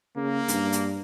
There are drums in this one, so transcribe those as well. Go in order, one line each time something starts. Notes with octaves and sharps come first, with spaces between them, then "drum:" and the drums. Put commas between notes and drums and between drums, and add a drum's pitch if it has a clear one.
C#3 A#3
G2, drum: hi-hat
drum: hi-hat